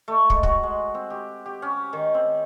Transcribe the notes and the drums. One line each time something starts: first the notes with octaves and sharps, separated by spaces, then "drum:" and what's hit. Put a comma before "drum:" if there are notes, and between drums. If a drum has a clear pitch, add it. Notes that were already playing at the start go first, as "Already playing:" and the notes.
A3
G#3, drum: kick
F#4, drum: kick
G#3
C4
G4
G4
C#4
D#3
C4